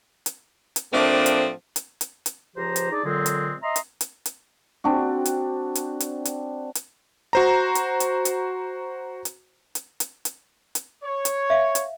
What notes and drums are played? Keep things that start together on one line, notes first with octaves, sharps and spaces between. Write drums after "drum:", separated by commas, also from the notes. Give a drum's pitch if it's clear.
drum: hi-hat
drum: hi-hat
A2 F3 A3 A#3 C4 D4
drum: hi-hat
drum: hi-hat
drum: hi-hat
drum: hi-hat
C#2 F3 G4 C5 A#5
drum: hi-hat
D4 D#4 G#4 D5
A#2 D3 F#3 G#3 C4
drum: hi-hat
D#5 E5 A#5 C6 D#6
drum: hi-hat
drum: hi-hat
drum: hi-hat
C4 D4 F#4
drum: hi-hat
drum: hi-hat
drum: hi-hat
drum: hi-hat
drum: hi-hat
F#4 C5 A#5
drum: hi-hat
drum: hi-hat
drum: hi-hat
drum: hi-hat
drum: hi-hat
drum: hi-hat
drum: hi-hat
drum: hi-hat
C#5
drum: hi-hat
E5 F5
drum: hi-hat